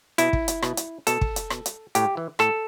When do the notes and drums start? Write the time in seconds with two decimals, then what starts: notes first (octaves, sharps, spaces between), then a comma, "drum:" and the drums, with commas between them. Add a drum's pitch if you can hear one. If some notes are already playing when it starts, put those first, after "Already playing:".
0.18 B2 E4, drum: hi-hat
0.33 drum: kick
0.48 drum: hi-hat
0.62 B2, drum: rim click
0.77 drum: hi-hat
1.07 B2 A4, drum: hi-hat
1.21 drum: kick
1.36 drum: hi-hat
1.50 B2, drum: rim click
1.66 drum: hi-hat
1.95 A2 G4, drum: hi-hat
2.17 E3
2.39 A2 A4, drum: rim click